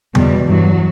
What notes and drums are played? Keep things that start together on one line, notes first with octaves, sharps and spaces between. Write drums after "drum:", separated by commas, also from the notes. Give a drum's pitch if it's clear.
E2 B2 G3, drum: tom C#3
G2 E3 F#3